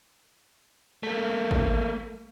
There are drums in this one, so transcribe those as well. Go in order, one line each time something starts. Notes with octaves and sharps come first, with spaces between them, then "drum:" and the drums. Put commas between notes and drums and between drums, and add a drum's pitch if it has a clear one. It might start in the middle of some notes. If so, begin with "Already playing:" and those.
A3 A#3
drum: kick G#1